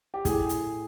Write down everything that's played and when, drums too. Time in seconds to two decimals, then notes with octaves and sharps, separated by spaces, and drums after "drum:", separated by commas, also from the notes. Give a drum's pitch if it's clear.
0.14 G4
0.25 A2 G#4, drum: kick, hi-hat
0.49 drum: hi-hat